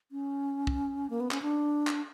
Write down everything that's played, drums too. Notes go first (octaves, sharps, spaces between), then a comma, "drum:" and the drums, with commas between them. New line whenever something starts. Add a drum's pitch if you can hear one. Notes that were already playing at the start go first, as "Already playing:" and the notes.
C#4
drum: kick
A#3
B3
C#4, drum: clap
D4
drum: clap